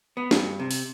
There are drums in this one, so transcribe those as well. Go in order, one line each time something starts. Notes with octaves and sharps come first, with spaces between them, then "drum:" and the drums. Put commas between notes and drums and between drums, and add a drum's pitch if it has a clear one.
B3
G2, drum: snare
C3
drum: open hi-hat